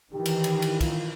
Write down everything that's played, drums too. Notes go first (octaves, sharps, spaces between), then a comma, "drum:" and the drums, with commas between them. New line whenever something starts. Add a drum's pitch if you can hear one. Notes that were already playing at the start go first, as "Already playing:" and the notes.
D#3 E3 G4
drum: cymbal
drum: cymbal
drum: cymbal
F4, drum: kick, cymbal